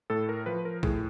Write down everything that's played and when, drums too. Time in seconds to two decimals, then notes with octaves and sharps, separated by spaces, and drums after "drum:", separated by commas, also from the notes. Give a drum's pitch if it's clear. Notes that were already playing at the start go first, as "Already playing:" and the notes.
0.10 A2 A4
0.29 A#4
0.46 F3 B4
0.65 A#4
0.83 A2 G#4, drum: kick